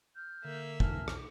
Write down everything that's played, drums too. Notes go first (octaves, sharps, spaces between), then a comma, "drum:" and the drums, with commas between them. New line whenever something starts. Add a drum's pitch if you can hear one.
F6 G6
D3 A#3 E5
B1 E2 G#5 A5 F6, drum: kick
drum: rim click